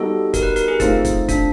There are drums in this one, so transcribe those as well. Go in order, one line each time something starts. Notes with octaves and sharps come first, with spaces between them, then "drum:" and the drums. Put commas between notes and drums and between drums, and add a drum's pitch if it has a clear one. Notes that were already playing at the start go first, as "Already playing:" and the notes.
Already playing: G3 B3 D#4 F#4 A4
A#4, drum: kick, hi-hat
B4
A#4, drum: hi-hat
G#4
A3 C4 D#4 F4, drum: kick, hi-hat
drum: kick, hi-hat
D4, drum: kick, hi-hat